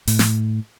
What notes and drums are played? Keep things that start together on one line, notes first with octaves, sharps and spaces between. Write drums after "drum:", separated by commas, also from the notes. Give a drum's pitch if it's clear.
A2, drum: open hi-hat
drum: snare